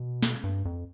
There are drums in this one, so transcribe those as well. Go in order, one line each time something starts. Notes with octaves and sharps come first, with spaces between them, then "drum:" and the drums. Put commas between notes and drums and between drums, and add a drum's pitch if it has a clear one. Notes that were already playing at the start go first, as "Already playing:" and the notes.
Already playing: B2
drum: snare
G2
F2